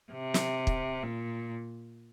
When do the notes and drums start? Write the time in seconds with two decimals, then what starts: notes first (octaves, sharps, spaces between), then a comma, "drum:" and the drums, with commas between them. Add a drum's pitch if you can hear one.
0.12 C3
0.34 drum: snare
0.67 drum: kick
1.04 A#2